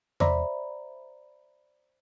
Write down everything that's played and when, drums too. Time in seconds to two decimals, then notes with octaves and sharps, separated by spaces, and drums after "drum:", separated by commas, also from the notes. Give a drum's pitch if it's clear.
0.20 C5 D5 E5 A#5 B5, drum: tom E2